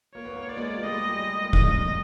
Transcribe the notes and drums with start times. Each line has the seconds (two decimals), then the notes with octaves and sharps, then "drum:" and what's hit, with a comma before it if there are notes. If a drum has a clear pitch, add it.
0.15 A#3 C#5
0.25 B3
0.36 A#3
0.46 B3 D5
0.57 G#3 A#3
0.76 G#3
0.84 G3 A3 D#5
0.93 G#3
1.10 G3
1.19 G#3
1.42 A#3
1.53 G3 A3 D#5, drum: kick